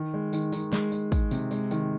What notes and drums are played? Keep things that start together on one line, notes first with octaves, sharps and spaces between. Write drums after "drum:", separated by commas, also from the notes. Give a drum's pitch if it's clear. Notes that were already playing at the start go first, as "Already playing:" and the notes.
Already playing: D#3
G#3
D#3, drum: tambourine
D#3, drum: tambourine
G#3, drum: snare
G#3, drum: tambourine
G#3, drum: kick, tambourine
C3, drum: tambourine
G#3, drum: tambourine
D#3, drum: tambourine